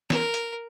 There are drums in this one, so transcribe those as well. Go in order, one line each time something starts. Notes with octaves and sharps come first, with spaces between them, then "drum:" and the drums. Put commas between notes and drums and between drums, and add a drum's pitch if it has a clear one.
A#4, drum: snare
drum: hi-hat